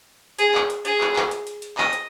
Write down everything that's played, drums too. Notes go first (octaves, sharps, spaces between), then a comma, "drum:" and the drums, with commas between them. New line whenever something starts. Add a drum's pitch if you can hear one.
G#4, drum: hi-hat
drum: clap
drum: hi-hat
G#4, drum: hi-hat
drum: clap
drum: clap
drum: hi-hat
drum: hi-hat
drum: hi-hat
D#5, drum: clap
drum: hi-hat